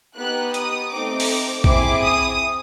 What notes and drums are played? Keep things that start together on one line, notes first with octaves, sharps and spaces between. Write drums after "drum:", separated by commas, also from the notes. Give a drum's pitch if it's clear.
B3 D#4 G4 F#6
D#6, drum: hi-hat
A3 C4 D#4 D6
drum: open hi-hat
C4 E4 G#4 D6, drum: kick
D#6